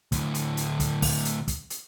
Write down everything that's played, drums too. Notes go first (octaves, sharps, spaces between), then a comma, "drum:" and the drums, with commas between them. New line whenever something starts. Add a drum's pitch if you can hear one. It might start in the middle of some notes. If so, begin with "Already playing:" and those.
D2 A2, drum: kick, hi-hat
drum: hi-hat
drum: hi-hat
drum: kick, hi-hat
drum: kick, open hi-hat
drum: hi-hat
drum: kick, hi-hat
drum: hi-hat